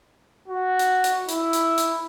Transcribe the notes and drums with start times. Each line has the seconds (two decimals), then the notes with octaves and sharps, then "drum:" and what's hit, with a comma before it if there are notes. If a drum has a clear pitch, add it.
0.48 F#4
0.79 drum: hi-hat
1.04 drum: hi-hat
1.29 E4, drum: hi-hat
1.53 drum: hi-hat
1.78 drum: hi-hat